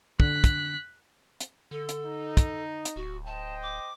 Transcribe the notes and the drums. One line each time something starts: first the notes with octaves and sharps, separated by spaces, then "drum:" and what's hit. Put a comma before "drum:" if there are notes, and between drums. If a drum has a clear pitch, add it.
D3 F#6 B6, drum: kick
drum: kick, hi-hat
drum: hi-hat
D3 A4
drum: hi-hat
D#4
drum: kick, hi-hat
drum: hi-hat
D1 F#4
C5 D#5 G5 A5
D6